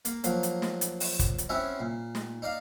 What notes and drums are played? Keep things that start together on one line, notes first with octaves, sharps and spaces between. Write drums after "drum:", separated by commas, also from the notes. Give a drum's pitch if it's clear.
A#3, drum: hi-hat
F3 F#3 A#3, drum: hi-hat
drum: hi-hat
drum: snare
drum: hi-hat
drum: open hi-hat
drum: kick, hi-hat
drum: hi-hat
C4 C#4 E4 F#4 C#5 E5
A#2
drum: snare
D#4 D5 F5